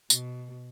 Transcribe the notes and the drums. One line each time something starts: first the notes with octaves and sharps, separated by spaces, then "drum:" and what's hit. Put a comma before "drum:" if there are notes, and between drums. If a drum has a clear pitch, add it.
B2, drum: tambourine